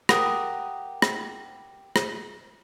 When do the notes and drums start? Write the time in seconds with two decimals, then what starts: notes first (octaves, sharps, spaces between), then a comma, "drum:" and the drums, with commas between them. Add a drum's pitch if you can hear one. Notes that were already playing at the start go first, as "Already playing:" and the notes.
0.09 G4 A#4 F#5 D#6, drum: rim click
1.02 drum: rim click
1.96 drum: rim click